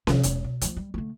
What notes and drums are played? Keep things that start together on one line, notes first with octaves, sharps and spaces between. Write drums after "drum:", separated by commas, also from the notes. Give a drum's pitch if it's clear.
C3 F3, drum: snare C#4
E1 G#3, drum: hi-hat
B2
F3 A3, drum: hi-hat
G3
D3 A3